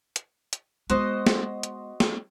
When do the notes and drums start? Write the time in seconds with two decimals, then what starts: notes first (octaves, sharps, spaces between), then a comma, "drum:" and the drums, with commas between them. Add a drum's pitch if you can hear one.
0.16 drum: hi-hat
0.53 drum: hi-hat
0.90 G#3 B3 F#4 C5 D#5, drum: hi-hat
1.27 drum: snare
1.63 drum: hi-hat
2.00 drum: snare